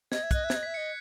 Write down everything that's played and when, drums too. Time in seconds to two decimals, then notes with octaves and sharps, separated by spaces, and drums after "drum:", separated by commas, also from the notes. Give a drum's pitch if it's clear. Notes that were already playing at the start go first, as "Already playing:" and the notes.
0.12 D#5 G#6, drum: snare
0.23 E5
0.31 D#5 F#6, drum: kick, hi-hat
0.44 E5
0.50 G#6, drum: snare
0.56 D#5
0.63 E5 B6
0.74 D#5 C#7